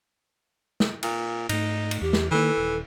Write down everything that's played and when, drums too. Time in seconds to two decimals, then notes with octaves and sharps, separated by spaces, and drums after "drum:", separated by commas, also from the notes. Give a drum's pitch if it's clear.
0.80 drum: snare
1.03 A#2, drum: cymbal
1.49 G#2 A3 D#4, drum: cymbal
1.91 drum: cymbal
2.02 E2 G4
2.13 drum: snare
2.31 D#3 E3 A#3 A4
2.58 D#1